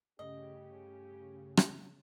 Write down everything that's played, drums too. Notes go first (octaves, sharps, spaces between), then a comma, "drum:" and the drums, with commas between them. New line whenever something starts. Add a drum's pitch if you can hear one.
G2 C#3 A3 C#4 G4 D#5
drum: rim click